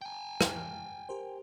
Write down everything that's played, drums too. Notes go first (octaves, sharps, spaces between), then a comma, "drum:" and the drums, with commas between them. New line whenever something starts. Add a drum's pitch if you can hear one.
G5 G#5
drum: rim click
G4 A#4 C5